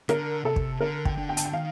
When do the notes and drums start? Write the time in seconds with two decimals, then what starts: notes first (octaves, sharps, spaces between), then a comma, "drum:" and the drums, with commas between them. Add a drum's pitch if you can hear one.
0.09 D3 A#4, drum: rim click
0.44 C3 A4
0.56 drum: kick
0.81 D3 A#4
1.05 G5, drum: kick
1.18 D3
1.29 G5
1.37 A5, drum: hi-hat
1.45 G5
1.53 D#3 F5